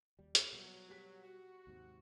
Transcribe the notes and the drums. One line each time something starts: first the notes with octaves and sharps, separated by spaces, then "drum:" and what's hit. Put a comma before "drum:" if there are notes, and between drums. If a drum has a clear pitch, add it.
D#2 G3
drum: hi-hat
B2 F#3 G3 B3
G4 B6
F#4
D#2 G#2 C3